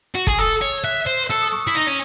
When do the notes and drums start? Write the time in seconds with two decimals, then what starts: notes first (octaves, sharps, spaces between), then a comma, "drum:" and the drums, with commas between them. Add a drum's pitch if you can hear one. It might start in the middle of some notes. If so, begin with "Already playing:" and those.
0.15 F#4
0.27 G#4, drum: kick
0.34 D#6
0.38 A4 E6
0.61 C#5
0.84 E5 F#6
1.06 C5
1.30 A4 E6
1.42 D#6
1.53 C#6
1.64 E4 D#6
1.75 D#4
1.88 C#4